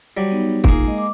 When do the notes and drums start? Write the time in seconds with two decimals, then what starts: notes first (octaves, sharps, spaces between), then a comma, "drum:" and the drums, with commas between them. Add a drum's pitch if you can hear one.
0.17 F#3 G3
0.31 B3 D#4
0.64 A#3 D#4 F4 G#4, drum: kick
0.85 G#3 D#5
0.98 D6